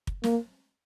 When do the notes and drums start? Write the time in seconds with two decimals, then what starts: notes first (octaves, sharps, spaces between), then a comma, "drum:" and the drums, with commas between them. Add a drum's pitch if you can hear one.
0.07 drum: kick
0.24 A#3, drum: snare